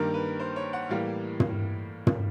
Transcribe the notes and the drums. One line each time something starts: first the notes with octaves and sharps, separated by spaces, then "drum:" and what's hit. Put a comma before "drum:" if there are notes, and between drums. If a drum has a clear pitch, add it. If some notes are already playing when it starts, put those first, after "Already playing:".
Already playing: G2 D#3 G3 A#3 A#4
B4
C5
C#5
F#5
A2 E3 G3 A#3 F5
drum: tom
drum: tom